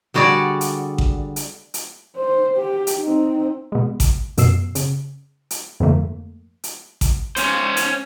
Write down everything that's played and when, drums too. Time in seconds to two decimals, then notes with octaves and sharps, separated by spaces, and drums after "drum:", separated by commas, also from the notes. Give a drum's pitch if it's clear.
0.14 D3 G3 F#4 G#4 D5
0.61 drum: hi-hat
0.98 drum: kick A1
1.36 drum: hi-hat
1.74 drum: hi-hat
2.17 C5
2.56 G4
2.87 drum: hi-hat
3.01 C4 D#4
3.72 B2 G#3
4.00 drum: kick A1, hi-hat
4.37 F#2 B2 E6 C7, drum: hi-hat
4.75 C#3, drum: hi-hat
5.50 drum: hi-hat
5.80 F2 G#2 D3 A3 A#3
6.64 drum: hi-hat
7.01 drum: kick A1, hi-hat
7.36 C#4 C5, drum: hi-hat
7.77 drum: hi-hat